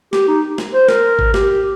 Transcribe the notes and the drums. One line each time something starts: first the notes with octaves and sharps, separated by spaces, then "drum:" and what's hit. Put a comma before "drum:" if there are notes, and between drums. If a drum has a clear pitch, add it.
G4, drum: snare
D#4
drum: snare
C5
A#4, drum: snare
drum: kick
G4, drum: snare